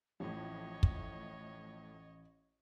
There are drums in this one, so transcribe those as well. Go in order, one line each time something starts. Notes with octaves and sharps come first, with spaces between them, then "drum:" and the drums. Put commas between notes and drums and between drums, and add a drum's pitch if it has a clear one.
A1 F2 A2 A3 C#5 D#5
drum: kick